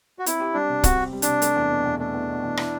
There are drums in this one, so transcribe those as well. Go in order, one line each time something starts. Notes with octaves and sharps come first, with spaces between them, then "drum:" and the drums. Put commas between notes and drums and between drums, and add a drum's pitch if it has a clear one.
F#4
C4 E4, drum: hi-hat
G4
G3 D4
C3
C4 F#4, drum: kick, hi-hat
G4
G3
D4, drum: hi-hat
C3
A3, drum: hi-hat
E2
B2
E2
A3 D4
E2
B2
E2
E4, drum: rim click